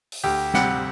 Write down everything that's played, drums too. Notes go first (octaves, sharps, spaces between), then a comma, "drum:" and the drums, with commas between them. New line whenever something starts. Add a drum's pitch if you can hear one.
drum: open hi-hat
D2 G4
C3 G3 F#5, drum: snare